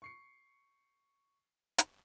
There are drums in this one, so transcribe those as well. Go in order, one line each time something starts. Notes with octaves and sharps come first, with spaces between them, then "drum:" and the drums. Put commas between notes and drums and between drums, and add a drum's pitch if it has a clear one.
C#6 C7 C#7
drum: hi-hat